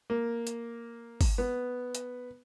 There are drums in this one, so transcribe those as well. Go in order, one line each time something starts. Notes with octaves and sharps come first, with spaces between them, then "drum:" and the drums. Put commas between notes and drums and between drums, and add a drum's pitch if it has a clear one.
A#3
drum: hi-hat
drum: kick, open hi-hat
B3
drum: hi-hat